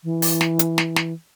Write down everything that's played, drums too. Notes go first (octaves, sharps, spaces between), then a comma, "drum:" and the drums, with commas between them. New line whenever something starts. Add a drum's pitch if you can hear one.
E3
drum: open hi-hat
drum: snare
drum: hi-hat
drum: snare
drum: snare